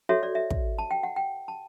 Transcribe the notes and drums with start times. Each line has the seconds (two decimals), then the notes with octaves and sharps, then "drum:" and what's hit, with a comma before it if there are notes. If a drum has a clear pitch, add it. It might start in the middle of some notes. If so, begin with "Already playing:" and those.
0.09 F#4 A4 C#5 E5
0.23 D5
0.35 E5
0.50 drum: kick
0.78 A5
0.91 G5
1.03 F#5
1.16 G5
1.48 A5